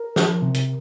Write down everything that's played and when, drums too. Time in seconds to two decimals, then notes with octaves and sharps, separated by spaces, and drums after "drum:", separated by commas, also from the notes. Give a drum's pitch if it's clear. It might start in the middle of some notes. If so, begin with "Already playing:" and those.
Already playing: A#4
0.16 F3, drum: snare
0.42 C3
0.54 drum: hi-hat